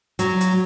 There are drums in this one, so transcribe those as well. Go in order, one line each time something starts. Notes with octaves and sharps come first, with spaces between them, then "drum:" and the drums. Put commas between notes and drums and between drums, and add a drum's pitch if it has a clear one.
F#3, drum: hi-hat
drum: hi-hat